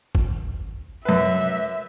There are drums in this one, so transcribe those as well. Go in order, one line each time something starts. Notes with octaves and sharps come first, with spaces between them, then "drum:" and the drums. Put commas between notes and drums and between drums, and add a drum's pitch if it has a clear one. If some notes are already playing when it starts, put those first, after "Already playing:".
drum: kick
F#2 B4 E5